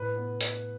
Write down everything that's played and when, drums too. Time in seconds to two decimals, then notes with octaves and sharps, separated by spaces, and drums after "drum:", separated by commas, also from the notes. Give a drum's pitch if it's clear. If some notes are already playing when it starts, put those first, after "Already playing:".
Already playing: A2 B4
0.16 B3
0.41 drum: hi-hat